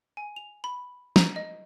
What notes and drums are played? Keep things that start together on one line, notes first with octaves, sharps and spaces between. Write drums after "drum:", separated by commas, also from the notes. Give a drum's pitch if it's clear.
G#5
F7
B5
A#5, drum: snare
D#5